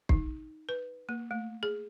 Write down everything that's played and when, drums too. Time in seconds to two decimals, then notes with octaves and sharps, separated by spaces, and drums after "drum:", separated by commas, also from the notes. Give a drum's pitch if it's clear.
0.09 D#4, drum: kick
0.69 B4
1.09 A#3
1.31 A3
1.63 G#4